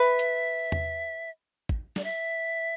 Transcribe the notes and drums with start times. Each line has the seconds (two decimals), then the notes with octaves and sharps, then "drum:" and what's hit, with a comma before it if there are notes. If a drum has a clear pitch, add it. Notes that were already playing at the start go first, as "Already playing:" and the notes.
Already playing: B4 E5
0.19 drum: hi-hat
0.72 drum: tom E2
1.69 drum: kick
1.96 D5, drum: snare
2.04 E5